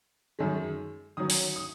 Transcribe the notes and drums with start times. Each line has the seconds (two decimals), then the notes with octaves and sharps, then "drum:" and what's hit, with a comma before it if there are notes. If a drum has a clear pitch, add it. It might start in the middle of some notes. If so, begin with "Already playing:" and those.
0.39 F#2 D#3 G#3
1.17 D#3 F#3 C#4 D#6
1.30 drum: open hi-hat
1.56 D#6